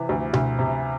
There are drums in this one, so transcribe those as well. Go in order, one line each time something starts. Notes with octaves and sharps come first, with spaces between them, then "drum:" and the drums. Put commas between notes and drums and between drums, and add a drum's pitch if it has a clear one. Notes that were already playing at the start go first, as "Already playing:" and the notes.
Already playing: C3 E3
D2
D2, drum: tom B2
C3